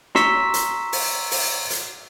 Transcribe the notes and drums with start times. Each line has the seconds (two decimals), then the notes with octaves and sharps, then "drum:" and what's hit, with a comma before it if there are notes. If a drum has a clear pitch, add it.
0.15 A#5 C6 C#6 E6 B6, drum: snare
0.54 drum: hi-hat
0.93 drum: open hi-hat
1.31 drum: open hi-hat
1.70 drum: hi-hat